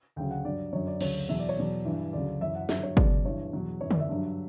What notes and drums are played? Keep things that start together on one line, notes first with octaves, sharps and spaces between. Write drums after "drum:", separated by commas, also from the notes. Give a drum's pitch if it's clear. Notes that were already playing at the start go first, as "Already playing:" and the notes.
D2 C#3 F#3 G5
F#5
G2 F#3 D5
F#2 D3 F#3 C#5
D5
D2 C#3 F#3 C#5, drum: cymbal
E2 B2 F#3 E5
D5
C#5
E2 B2 F#3 D5
G2 E3
D2 C#3 F#3 D5
F#2 E3 E5
F#5
G2 D3 F#3 E5, drum: snare
C#5
C#2 B2 F#3 D5, drum: kick
G2 E3 C#5
E2 B2 F#3
F#2 E3 C#5
D5, drum: tom D3
E5
G2 D3 F#3